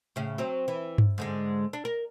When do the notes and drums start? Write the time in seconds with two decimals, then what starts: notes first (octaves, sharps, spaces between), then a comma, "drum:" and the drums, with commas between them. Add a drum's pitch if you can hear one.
0.16 A2 C#3
0.38 F#3 C4
0.68 E3
0.98 drum: tom G2
1.18 G#2 D3 G#3
1.73 D4
1.85 A#4